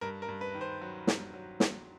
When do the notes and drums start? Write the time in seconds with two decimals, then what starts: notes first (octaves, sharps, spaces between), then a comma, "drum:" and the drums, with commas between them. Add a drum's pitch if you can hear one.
0.01 G2 A#4
0.22 A#4
0.28 G2
0.41 B4
0.55 D#3
0.61 C5
0.81 F#3
1.07 G2, drum: snare
1.34 F#3
1.60 drum: snare